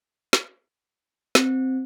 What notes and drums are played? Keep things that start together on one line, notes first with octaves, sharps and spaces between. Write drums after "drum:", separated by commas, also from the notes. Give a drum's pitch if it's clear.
drum: snare
C4, drum: snare